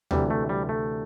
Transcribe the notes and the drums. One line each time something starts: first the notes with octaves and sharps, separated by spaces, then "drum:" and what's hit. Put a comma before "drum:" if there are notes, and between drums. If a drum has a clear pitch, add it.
D2 C3 E3 G3, drum: tom D2
A3
G3
A3